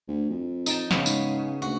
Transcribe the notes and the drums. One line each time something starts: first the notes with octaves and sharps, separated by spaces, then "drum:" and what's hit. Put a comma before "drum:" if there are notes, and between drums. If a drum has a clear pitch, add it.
D2
F2
D#4 G5 A5, drum: tambourine
C#3 B3, drum: snare
G#2, drum: tambourine
D2 F#4